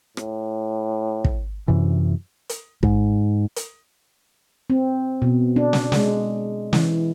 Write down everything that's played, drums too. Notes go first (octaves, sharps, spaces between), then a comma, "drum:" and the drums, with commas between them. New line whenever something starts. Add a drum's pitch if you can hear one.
A2, drum: rim click
drum: kick
F#2 C3 E3
drum: hi-hat
G#2, drum: kick
drum: hi-hat
C4
B2
D4
drum: snare
G#3, drum: snare
E3, drum: snare